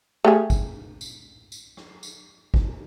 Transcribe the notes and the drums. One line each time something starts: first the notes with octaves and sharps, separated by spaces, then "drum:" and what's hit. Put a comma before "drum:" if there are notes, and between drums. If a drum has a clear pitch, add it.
A3 G4 G#4
drum: kick, tambourine
drum: tambourine
drum: tambourine
drum: rim click
drum: tambourine
drum: kick